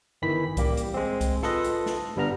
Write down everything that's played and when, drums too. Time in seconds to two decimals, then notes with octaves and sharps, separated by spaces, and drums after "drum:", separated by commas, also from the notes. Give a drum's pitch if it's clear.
0.22 G1 D#3 E3 B5 B6
0.57 A1 G3 A#3 G4, drum: kick C2, hi-hat
0.77 drum: hi-hat
0.94 G#3 C4
1.21 drum: kick C2, hi-hat
1.43 F4 A4 B4 D#5, drum: snare
1.64 drum: hi-hat
1.86 drum: snare
2.16 G1 G2 G3 B3 A#5 F6